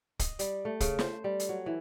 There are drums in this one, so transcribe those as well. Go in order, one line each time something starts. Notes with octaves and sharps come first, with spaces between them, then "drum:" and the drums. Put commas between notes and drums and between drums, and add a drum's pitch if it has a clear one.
D#5, drum: kick, hi-hat
G3, drum: hi-hat
A3
C#3, drum: kick, hi-hat
C5, drum: snare
G3
drum: hi-hat
F#3
E3